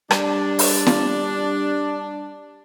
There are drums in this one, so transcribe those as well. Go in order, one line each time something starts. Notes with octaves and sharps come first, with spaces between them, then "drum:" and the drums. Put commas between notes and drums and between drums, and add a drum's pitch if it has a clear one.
G3 D4, drum: rim click
drum: open hi-hat
drum: snare